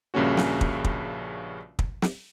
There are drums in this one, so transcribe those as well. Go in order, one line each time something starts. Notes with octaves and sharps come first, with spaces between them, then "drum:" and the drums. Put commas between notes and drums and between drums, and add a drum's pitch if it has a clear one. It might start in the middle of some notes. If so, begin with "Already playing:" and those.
A#1 G2 C#3 A#3 C#4 F#4
drum: snare
drum: kick
drum: kick
drum: kick
drum: snare